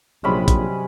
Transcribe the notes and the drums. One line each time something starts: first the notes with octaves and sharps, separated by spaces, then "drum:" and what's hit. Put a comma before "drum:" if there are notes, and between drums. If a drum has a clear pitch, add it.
A#1 G2 C3 F#3 G#3 C#4 B5
drum: kick, hi-hat